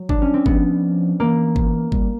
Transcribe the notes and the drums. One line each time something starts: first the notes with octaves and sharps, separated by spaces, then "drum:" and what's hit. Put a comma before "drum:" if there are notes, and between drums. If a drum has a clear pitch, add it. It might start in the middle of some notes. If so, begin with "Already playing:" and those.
Already playing: F#3
D4, drum: kick G1
C#4
C4
F3 B3, drum: kick G1
E3 A#3
drum: kick G1
G3, drum: kick G1